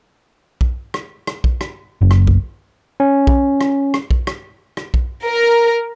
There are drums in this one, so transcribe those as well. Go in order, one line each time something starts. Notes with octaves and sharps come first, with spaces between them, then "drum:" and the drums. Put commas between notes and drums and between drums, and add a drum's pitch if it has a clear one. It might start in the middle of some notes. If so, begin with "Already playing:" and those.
drum: kick
drum: rim click
drum: rim click
drum: kick
drum: rim click
F#1
drum: rim click
drum: kick
C#4
drum: kick
drum: rim click
drum: rim click
drum: kick
drum: rim click
drum: rim click
drum: kick
A#4